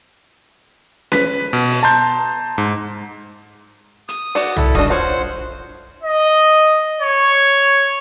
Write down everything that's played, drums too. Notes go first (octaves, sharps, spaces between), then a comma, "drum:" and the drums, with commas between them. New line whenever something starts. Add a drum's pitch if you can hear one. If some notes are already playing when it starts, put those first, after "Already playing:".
B4 B6, drum: snare C#4
B2
drum: open hi-hat
A5 A#5 C6 G6
G#2
D#6, drum: hi-hat
F#4 D5, drum: open hi-hat
E4 A4, drum: tom
G3 D4 F#4 D#5 D#6, drum: kick E1
F4 C5 C#5 F#5
D#5
C#5